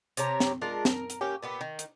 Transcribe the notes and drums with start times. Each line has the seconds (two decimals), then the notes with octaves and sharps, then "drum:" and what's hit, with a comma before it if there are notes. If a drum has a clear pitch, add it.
0.17 C3 G4 C#5 A#5, drum: hi-hat
0.40 drum: snare
0.61 G#3 D4 F4 A#4
0.85 A#4, drum: snare
1.10 drum: hi-hat
1.21 A#3 C#4 G4
1.43 A#2 B3 G4
1.61 D#3
1.79 drum: hi-hat